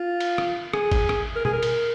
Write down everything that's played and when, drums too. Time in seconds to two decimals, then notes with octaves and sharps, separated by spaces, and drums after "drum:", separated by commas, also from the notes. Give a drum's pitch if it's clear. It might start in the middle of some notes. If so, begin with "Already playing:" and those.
Already playing: F4
0.20 drum: cymbal
0.38 drum: rim click
0.74 G#4, drum: rim click
0.91 drum: kick G1, cymbal
1.09 drum: rim click
1.36 A#4
1.45 G#4, drum: tom
1.53 A#4
1.63 drum: cymbal